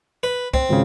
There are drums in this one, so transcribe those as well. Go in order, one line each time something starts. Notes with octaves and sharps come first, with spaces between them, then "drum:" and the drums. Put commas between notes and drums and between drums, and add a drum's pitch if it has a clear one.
B4
C4, drum: kick
G#1 C#2 C#3